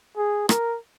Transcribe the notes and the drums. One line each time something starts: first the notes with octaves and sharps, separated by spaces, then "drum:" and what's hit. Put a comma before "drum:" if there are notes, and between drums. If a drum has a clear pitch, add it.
G#4
A#4, drum: rim click